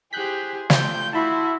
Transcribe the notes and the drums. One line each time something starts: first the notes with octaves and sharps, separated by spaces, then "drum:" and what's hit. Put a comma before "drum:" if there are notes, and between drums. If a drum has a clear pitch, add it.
E4 G4 G#4 C5 F#6 G6 B6
A3 F4 C5 D5 G5 G6, drum: snare
E4 F#4 A5 B5 C6